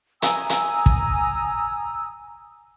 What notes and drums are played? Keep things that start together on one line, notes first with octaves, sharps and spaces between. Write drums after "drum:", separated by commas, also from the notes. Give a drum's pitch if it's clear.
G#5 A#5 D#6 E6, drum: hi-hat
drum: hi-hat
drum: kick